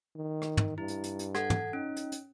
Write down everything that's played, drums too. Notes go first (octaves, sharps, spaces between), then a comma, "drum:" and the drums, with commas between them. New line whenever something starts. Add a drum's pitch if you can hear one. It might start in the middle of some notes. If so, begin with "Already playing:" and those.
D#3
drum: rim click
drum: tom
G2 E4
drum: hi-hat
drum: hi-hat
drum: hi-hat
A4 F#5 G#6, drum: rim click
drum: tom
C#4 D#4
drum: hi-hat
drum: hi-hat